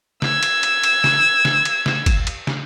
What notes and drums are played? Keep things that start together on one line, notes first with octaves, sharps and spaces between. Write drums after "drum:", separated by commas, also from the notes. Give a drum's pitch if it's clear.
E6 G#6, drum: snare
drum: cymbal
drum: cymbal
drum: cymbal
drum: snare
drum: snare
drum: cymbal
drum: snare
drum: kick G1, cymbal
drum: cymbal
drum: snare